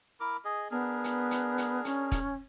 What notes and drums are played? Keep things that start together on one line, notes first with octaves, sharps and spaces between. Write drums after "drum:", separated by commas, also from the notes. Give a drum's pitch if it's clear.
E4 A#4 D6
G#4 D#5
B3 D4 G#4 A#4
drum: hi-hat
drum: hi-hat
drum: hi-hat
C#4, drum: hi-hat
drum: kick, hi-hat